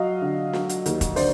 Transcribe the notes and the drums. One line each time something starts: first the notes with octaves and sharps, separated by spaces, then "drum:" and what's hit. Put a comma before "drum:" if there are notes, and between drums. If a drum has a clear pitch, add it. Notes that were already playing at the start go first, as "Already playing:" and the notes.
Already playing: F#3 D#5 F5
D3
F#3, drum: snare
drum: hi-hat
D#2, drum: hi-hat
drum: kick, hi-hat
D3 C5 D5, drum: open hi-hat